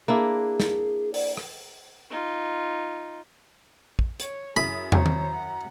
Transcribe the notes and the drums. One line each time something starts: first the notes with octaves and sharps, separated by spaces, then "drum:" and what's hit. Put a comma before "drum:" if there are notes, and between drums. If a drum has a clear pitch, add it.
A#3 D4 E4 G#4
drum: snare
D5, drum: open hi-hat
drum: rim click
D#4 F4
drum: kick
C#5, drum: hi-hat
F#2 E4 G#4 B5 D#6
C5 C#5 A#5, drum: tom
drum: tom
F#5